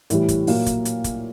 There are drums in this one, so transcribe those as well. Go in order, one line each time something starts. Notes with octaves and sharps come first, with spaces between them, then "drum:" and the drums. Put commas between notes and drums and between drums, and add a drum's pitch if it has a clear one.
A2 E3 G3, drum: hi-hat
drum: kick, hi-hat
A#2 F#3 A#3, drum: open hi-hat
drum: kick, hi-hat
drum: hi-hat
drum: kick, hi-hat